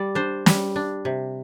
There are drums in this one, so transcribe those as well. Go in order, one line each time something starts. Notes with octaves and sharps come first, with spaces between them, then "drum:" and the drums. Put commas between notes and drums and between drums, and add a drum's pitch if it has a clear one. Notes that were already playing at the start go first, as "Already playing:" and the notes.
Already playing: G3 D5
D4 C5
G3, drum: snare
D4
C3